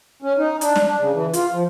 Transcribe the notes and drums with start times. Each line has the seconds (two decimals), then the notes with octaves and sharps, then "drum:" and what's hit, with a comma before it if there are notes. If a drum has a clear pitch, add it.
0.22 C#4
0.38 D#4
0.61 D4, drum: hi-hat
0.76 drum: snare
0.85 D4
1.00 C#3
1.13 E3
1.33 F4, drum: hi-hat
1.52 F3